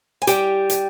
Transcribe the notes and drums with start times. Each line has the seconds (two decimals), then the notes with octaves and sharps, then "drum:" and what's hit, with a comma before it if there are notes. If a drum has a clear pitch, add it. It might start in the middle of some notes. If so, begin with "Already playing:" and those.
0.22 G#5
0.27 G3 G4 G5, drum: hi-hat
0.70 drum: hi-hat